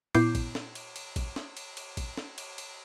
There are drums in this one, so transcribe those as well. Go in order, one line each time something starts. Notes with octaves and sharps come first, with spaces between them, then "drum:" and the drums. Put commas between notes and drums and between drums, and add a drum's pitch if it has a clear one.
A#2 B3 E4 D6 G6 C7, drum: cymbal
drum: kick A1, cymbal
drum: snare
drum: cymbal
drum: cymbal
drum: kick A1, cymbal
drum: snare
drum: cymbal
drum: cymbal
drum: kick A1, cymbal
drum: snare
drum: cymbal
drum: cymbal